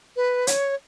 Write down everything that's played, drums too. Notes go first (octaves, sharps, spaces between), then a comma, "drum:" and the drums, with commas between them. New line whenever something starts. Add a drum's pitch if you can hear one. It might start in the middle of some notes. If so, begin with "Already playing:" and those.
B4
C#5, drum: hi-hat